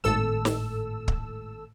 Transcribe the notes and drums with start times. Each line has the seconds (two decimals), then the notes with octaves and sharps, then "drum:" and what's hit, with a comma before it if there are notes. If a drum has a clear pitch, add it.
0.04 G#1 A2 A4 E6
0.45 drum: snare
1.08 drum: kick